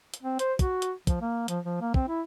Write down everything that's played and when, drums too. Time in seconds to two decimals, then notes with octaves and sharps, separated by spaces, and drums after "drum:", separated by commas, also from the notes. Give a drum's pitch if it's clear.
0.14 drum: hi-hat
0.23 C4
0.39 C5, drum: hi-hat
0.59 F#4, drum: kick, hi-hat
0.82 drum: hi-hat
1.07 F3, drum: kick, hi-hat
1.21 A#3
1.48 F3, drum: hi-hat
1.65 F3
1.81 A#3
1.94 C4, drum: kick
2.08 E4